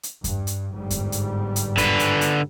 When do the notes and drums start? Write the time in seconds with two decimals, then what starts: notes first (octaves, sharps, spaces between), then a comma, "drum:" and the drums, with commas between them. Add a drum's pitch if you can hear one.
0.03 drum: hi-hat
0.24 G2, drum: kick E2, hi-hat
0.47 drum: hi-hat
0.73 G1 G#2 G3
0.90 drum: kick E2, hi-hat
1.12 drum: hi-hat
1.56 drum: hi-hat
1.78 D3 B4, drum: kick E2, hi-hat
1.99 drum: hi-hat
2.21 drum: hi-hat